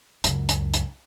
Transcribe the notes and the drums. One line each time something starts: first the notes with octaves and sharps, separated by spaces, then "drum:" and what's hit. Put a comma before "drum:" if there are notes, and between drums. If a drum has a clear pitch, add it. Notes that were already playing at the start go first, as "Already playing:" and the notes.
C#2 F#2, drum: hi-hat
drum: hi-hat
drum: hi-hat